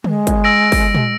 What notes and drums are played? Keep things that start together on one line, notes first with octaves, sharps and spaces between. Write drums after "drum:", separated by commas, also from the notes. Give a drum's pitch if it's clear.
G#3, drum: tom D3
drum: kick, hi-hat
E6 A#6 D7
drum: kick, open hi-hat
drum: tom A#2